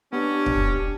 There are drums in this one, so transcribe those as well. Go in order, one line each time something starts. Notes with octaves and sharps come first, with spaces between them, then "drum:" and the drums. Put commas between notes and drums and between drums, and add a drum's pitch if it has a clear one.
B3 C#4 D4 G4
drum: kick